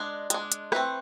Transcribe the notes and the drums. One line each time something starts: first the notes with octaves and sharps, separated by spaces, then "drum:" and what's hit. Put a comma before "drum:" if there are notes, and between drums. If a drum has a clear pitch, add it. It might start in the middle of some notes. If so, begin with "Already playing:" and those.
Already playing: G#3 D4
G#3 D4, drum: hi-hat
drum: hi-hat
E3 A3 C4 B4, drum: rim click